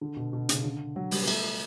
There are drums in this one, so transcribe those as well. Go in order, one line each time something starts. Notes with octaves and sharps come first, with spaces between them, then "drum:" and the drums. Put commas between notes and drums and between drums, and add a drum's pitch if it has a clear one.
D3
B2
B2
C#3, drum: hi-hat
D3
F#3
G3, drum: open hi-hat
B3
A3, drum: cymbal